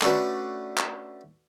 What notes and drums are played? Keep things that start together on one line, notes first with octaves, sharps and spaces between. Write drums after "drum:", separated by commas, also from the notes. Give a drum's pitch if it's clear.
A3 C#4 D4 F#4 B4, drum: clap
drum: clap